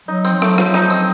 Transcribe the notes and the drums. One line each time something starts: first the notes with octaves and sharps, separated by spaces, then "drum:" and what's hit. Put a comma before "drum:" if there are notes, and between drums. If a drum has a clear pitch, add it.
F#3 D#4
C4, drum: tambourine
F#3
A3, drum: rim click
F3 F#3, drum: rim click
D#4, drum: rim click
C4, drum: tambourine